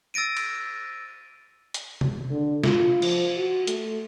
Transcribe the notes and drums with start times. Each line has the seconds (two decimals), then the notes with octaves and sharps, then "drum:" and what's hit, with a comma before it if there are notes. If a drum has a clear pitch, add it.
0.14 E6 A6 A#6 D7 D#7
0.37 drum: cymbal
1.74 drum: hi-hat
2.01 drum: tom C3
2.30 D3
2.64 F4, drum: snare
3.02 F3, drum: cymbal
3.37 F#4
3.67 A3, drum: hi-hat